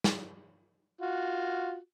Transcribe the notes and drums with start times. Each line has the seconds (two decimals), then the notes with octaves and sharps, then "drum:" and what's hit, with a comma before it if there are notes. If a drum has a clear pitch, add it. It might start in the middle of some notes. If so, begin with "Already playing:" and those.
0.04 drum: snare
1.01 F4 F#4